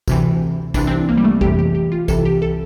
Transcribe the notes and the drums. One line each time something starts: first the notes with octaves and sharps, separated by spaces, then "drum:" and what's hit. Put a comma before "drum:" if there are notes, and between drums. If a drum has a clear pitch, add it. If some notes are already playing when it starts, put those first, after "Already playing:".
D2 C3 E3, drum: kick, tambourine
C2 C3 E3 D4, drum: kick, tambourine
C4
D4
A#3
G3
A3
F2 C3 E3 G4, drum: kick
G4
G4
F4
C2 C3 E3 A4, drum: kick, tambourine
G4
A4